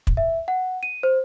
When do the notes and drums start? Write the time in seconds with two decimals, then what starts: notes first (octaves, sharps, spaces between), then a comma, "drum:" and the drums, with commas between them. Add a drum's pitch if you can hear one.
0.07 drum: kick
0.17 E5
0.48 F#5
0.83 D#7
1.03 C5